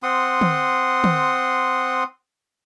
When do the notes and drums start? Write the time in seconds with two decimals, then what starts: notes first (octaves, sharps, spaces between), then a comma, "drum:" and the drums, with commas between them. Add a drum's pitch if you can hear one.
0.03 C4 F#5 C6 D#6
0.41 drum: tom
1.04 drum: tom